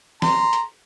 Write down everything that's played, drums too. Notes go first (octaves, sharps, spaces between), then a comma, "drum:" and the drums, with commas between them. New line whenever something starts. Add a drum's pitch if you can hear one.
A#5 C6, drum: snare
drum: hi-hat